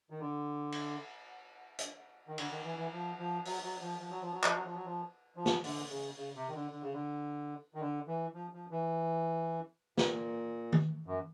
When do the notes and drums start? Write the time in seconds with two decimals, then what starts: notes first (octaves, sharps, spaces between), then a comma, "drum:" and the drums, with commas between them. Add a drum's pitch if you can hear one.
0.10 D#3
0.20 D3
0.72 drum: cymbal
1.78 drum: hi-hat
2.28 D#3
2.38 D3, drum: cymbal
2.51 D#3
2.65 E3
2.77 E3
2.92 F3
3.19 F3
3.45 F#3, drum: open hi-hat
3.64 F#3
3.82 F3
4.00 F3
4.10 F#3
4.21 F3
4.32 F#3
4.43 F3, drum: clap
4.54 F#3
4.65 F3
4.74 F#3
4.85 F3
5.36 F3
5.46 drum: snare
5.64 D3, drum: open hi-hat
5.90 C#3
6.18 C#3
6.35 C3
6.49 D#3
6.54 D3
6.71 D3
6.82 C#3
6.94 D3
7.74 D#3
7.80 D3
8.07 E3
8.34 F3
8.53 F3
8.71 E3
9.98 A#2, drum: snare
10.72 drum: tom D#3
11.06 F#2